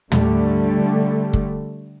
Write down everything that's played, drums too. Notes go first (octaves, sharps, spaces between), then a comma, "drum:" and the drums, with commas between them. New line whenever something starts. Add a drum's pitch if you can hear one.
D3 G3 A3, drum: tom
drum: kick